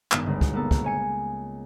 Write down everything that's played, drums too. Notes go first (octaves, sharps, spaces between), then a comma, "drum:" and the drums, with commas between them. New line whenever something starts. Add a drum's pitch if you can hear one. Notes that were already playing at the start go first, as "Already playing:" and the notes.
G#1 G2 B3, drum: clap
G1 C#2
drum: kick
A#3 B3 A4
drum: kick
C#5 G#5 C#7